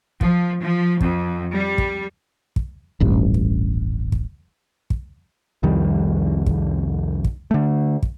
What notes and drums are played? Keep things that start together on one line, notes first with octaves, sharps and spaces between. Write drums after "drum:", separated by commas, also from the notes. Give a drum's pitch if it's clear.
F3, drum: kick
F3
F2, drum: kick
G3
drum: kick
drum: kick
D#1 A1 G2
drum: kick
drum: kick
drum: kick
C2 F2 D#3 G3
drum: kick
drum: kick
D3 A3
drum: kick